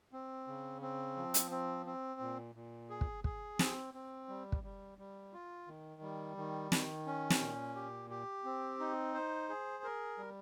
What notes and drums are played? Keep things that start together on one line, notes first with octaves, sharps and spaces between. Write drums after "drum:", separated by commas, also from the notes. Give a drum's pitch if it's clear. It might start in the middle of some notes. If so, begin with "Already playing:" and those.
C4
C#3
C4
F3
drum: hi-hat
C4
C4
A#2
A#2
G#4
drum: kick
G#4, drum: kick
C4, drum: snare
C4
G3
drum: kick
G3
G3
F4
D#3
G3
D#3
D#3, drum: snare
C#4
drum: snare
A#2
G4
G4
C4
D#4
C5
G#4
A#4
G3